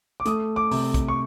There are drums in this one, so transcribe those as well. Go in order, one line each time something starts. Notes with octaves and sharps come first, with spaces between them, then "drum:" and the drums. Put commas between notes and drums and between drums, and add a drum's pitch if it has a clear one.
D6
A3 D#6, drum: hi-hat
D6
C3, drum: open hi-hat
drum: kick, hi-hat
C#6